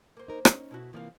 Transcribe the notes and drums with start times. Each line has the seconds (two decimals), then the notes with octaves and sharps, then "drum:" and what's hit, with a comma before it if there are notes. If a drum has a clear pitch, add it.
0.17 A#3 C5
0.28 D#4 A#4
0.45 C#4 D#4, drum: rim click
0.71 B2 E4 F#4
0.93 C3 E3 F3 A#3 D5 F5